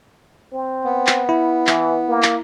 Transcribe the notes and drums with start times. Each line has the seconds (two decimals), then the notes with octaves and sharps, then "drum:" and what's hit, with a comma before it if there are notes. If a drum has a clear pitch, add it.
0.52 C4
0.84 B3
1.07 drum: clap
1.29 E4
1.67 E3, drum: clap
2.08 A#3
2.23 drum: clap